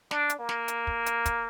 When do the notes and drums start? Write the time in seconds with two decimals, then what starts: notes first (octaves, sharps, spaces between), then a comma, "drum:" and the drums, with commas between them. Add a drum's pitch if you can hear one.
0.11 D4, drum: snare
0.30 drum: hi-hat
0.39 A#3
0.49 drum: snare
0.68 drum: hi-hat
0.87 drum: kick
1.06 drum: hi-hat
1.26 drum: kick, hi-hat